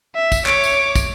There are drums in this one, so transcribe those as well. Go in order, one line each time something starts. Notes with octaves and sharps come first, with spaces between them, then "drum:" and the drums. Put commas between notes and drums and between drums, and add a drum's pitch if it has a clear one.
E5
drum: kick, tambourine
C#5 D6, drum: clap
drum: tambourine
drum: kick, tambourine